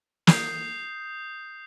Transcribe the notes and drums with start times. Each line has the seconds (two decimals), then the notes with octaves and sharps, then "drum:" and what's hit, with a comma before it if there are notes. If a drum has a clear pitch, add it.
0.27 D#6 G6 C7, drum: snare